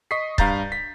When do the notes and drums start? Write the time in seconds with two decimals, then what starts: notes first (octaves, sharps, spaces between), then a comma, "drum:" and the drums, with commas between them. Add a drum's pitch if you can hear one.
0.11 D#5 C#6 D#6 B6 C7
0.38 G2 F5 A#5 G6 A6, drum: kick C#1
0.72 B6